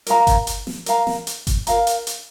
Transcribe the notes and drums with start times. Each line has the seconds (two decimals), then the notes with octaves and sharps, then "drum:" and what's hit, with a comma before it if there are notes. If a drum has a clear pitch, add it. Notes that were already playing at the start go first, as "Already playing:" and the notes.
0.07 A#4 F5 A#5, drum: hi-hat
0.27 drum: kick G1, hi-hat
0.47 drum: hi-hat
0.67 drum: snare
0.86 A#4 F5 A#5, drum: hi-hat
1.07 drum: snare
1.27 drum: hi-hat
1.47 drum: kick G1, hi-hat
1.67 A#4 F5 A#5, drum: hi-hat
1.87 drum: hi-hat
2.07 drum: hi-hat